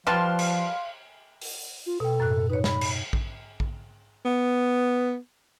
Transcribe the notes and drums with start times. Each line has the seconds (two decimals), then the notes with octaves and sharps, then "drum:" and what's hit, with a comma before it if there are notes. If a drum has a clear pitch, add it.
0.07 F3 G3 B4 F5 A5 C6 F6 F#6
0.39 drum: cymbal
1.42 drum: open hi-hat
1.86 F4
2.00 B2 A4 G5
2.20 F#2 A2 F#6
2.50 D#4 B4 C#5
2.64 B5, drum: snare
2.81 drum: cymbal
3.13 drum: kick
3.60 drum: kick
4.25 B3